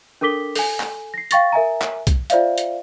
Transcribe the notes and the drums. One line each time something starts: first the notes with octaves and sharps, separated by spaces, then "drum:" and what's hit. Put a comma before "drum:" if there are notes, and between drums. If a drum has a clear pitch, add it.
D4 A4 A#4 D6 B6 G7
A4 G#5, drum: open hi-hat
drum: clap
A#6 C7
F5 G5 C#6 A6 A#6, drum: hi-hat
A#4 E5 G#5 A#5
drum: clap
drum: kick, hi-hat
F4 C5 D5 E5 F5, drum: hi-hat
drum: hi-hat